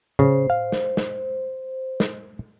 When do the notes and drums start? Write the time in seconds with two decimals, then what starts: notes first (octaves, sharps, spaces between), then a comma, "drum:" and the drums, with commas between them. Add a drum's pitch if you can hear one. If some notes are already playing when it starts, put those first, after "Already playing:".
0.19 C#3 C5, drum: tom A2
0.50 F5
0.72 drum: snare
0.97 drum: snare
2.00 drum: snare